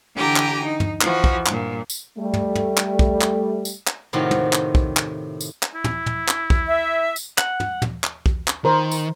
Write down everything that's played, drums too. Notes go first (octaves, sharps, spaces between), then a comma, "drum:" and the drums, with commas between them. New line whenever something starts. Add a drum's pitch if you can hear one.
D3 E3 G4 G5 G#5 A#5
drum: clap
D#4
drum: tom
E3 F3 F#4, drum: clap
drum: kick
G2 A#2, drum: clap
drum: tambourine
G3 A3
drum: tom
drum: tom
drum: clap
drum: kick
drum: clap
drum: tambourine
drum: clap
A2 C3 D#3 F4 F#4
drum: tom
drum: clap
drum: kick
drum: clap
drum: tambourine
drum: clap
E4
drum: tom
drum: tom
drum: clap
drum: kick
E5
drum: tambourine
F#5, drum: clap
drum: tom
drum: tom
drum: clap
drum: kick
drum: clap
D#3 A#4 C5
drum: tambourine